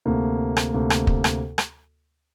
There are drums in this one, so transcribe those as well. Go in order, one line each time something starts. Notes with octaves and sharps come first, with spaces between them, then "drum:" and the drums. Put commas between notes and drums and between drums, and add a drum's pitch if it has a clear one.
D2 C3 A#3
drum: rim click
D2 C3 A#3
drum: rim click
drum: kick
drum: rim click
drum: rim click